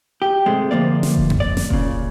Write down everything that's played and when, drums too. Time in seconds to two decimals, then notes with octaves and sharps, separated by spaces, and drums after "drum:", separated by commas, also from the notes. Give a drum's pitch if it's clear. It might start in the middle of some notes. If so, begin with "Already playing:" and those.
0.22 G4
0.46 G#2 C3 G#3 A3
0.71 D2 F3 A#3 D5
1.03 drum: snare
1.16 drum: kick E1
1.30 drum: tom F2
1.40 D5
1.57 drum: snare
1.70 A#2 C#3, drum: kick E1